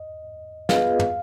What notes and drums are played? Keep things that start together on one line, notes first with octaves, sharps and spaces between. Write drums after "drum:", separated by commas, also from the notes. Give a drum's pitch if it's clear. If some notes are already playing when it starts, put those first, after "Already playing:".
Already playing: D#5
B3 F4 G#4 B4 D#5 F5, drum: snare
drum: tom